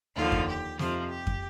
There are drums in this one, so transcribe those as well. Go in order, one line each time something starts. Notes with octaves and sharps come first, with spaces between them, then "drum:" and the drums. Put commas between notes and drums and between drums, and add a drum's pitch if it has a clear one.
D#2 D3 F3 F4
drum: kick F2
G4
F2 C3 F3 F4, drum: snare
G4
drum: kick F2